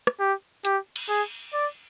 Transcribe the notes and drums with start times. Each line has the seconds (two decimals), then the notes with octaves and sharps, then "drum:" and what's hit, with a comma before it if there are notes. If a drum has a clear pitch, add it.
0.07 drum: rim click
0.20 G4
0.65 G4, drum: hi-hat
0.96 drum: cymbal
1.09 G#4
1.53 D5